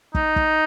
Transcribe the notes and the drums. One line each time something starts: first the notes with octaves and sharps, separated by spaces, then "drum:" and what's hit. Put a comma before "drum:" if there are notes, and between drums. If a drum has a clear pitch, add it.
D#4, drum: kick
drum: kick